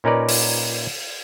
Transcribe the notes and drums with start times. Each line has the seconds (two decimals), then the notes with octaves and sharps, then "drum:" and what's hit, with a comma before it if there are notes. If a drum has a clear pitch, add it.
0.04 A#2 C#4 D#4 A#4 B4 D5
0.29 drum: open hi-hat